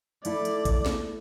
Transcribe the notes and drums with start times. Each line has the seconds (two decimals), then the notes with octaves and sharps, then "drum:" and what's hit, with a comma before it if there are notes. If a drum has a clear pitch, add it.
0.25 A3 E4 D5, drum: hi-hat
0.45 drum: hi-hat
0.65 drum: kick A#1, hi-hat
0.86 drum: snare